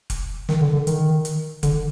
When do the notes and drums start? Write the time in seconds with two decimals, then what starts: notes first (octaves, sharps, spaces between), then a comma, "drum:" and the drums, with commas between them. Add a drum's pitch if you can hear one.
0.10 drum: kick F1, hi-hat
0.49 D#3, drum: snare
0.61 D3
0.73 D3
0.87 D#3, drum: hi-hat
1.25 drum: hi-hat
1.63 D3, drum: kick F1, hi-hat